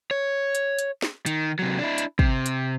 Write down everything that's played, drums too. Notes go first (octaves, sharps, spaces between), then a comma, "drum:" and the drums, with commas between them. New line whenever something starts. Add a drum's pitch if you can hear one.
C#5
drum: hi-hat
drum: hi-hat
drum: snare
D#3, drum: hi-hat
C3 F#3
D4 E4
drum: hi-hat
C3, drum: kick
drum: hi-hat